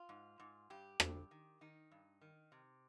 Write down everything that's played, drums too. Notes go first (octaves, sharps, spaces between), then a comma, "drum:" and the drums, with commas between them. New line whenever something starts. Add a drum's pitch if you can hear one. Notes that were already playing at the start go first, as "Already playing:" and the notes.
Already playing: F4
G#2
G#2
G2 G4
G2, drum: rim click
D#3
D#3 D#4
G2
D#3
C3